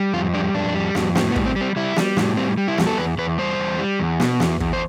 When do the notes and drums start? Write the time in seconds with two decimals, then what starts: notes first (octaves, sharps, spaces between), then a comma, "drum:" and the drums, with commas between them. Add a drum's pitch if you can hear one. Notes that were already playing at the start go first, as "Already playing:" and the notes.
Already playing: G3
0.14 F2 F4
0.34 G3 D4
0.55 F2 D4
0.75 G3
0.95 F2, drum: snare
1.15 A2 C4, drum: snare
1.31 B3
1.36 G3, drum: kick
1.46 C4
1.56 G3
1.61 C4
1.76 G3 E4
1.96 G3, drum: snare
2.17 A2, drum: snare
2.37 G3 C4
2.57 G3
2.68 E4
2.78 E2, drum: snare
2.87 A4
2.98 E2 B4
3.18 E2 B4
3.38 G3 C5
3.59 E2
3.79 G3
4.00 E2
4.20 B2, drum: snare
4.40 E2, drum: snare
4.60 E2, drum: kick
4.73 C5